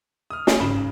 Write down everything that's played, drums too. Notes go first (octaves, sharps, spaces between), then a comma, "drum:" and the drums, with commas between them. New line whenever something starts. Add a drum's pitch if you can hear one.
D#6 F6
F4 G#4 A4, drum: snare
G#1 C#3 A5 B5 G7